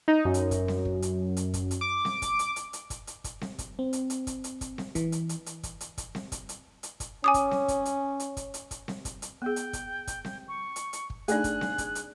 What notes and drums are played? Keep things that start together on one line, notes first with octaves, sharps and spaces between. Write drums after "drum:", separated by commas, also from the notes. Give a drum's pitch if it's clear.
D#4
F#2
drum: hi-hat
drum: kick, hi-hat
drum: snare C4
drum: kick
drum: hi-hat
drum: hi-hat
drum: kick, hi-hat
drum: hi-hat
D6
drum: snare C4
drum: kick, hi-hat
drum: hi-hat
drum: hi-hat
drum: hi-hat
drum: kick, hi-hat
drum: hi-hat
drum: kick, hi-hat
drum: snare C4
drum: kick, hi-hat
C4
drum: hi-hat
drum: hi-hat
drum: kick, hi-hat
drum: hi-hat
drum: kick, hi-hat
drum: snare C4
E3, drum: kick, hi-hat
drum: hi-hat
drum: hi-hat
drum: hi-hat
drum: kick, hi-hat
drum: hi-hat
drum: kick, hi-hat
drum: snare C4
drum: kick, hi-hat
drum: hi-hat
drum: hi-hat
drum: kick, hi-hat
C#4 G#5 D6 D#6
drum: kick, hi-hat
drum: snare C4
drum: kick, hi-hat
drum: hi-hat
drum: hi-hat
drum: kick, hi-hat
drum: hi-hat
drum: kick, hi-hat
drum: snare C4
drum: kick, hi-hat
drum: hi-hat
B3 G#4 G5
drum: hi-hat
drum: kick, hi-hat
drum: kick, hi-hat
drum: snare C4
C#6
drum: hi-hat
drum: hi-hat
drum: kick
A3 D4 D#4 G#4 F#6, drum: hi-hat
drum: kick, hi-hat
drum: snare C4
drum: kick, hi-hat
drum: hi-hat